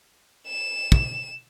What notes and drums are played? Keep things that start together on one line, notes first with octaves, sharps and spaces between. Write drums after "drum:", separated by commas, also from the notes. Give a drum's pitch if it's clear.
E7
drum: kick